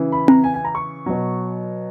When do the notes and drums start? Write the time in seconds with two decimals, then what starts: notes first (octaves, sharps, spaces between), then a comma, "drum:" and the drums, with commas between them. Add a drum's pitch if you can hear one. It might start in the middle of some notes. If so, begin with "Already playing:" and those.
Already playing: C#3 E3
0.12 B5
0.28 A#5, drum: tom C4
0.44 G#5
0.54 G#5
0.65 A#5
0.75 C#6
1.06 B2 F#3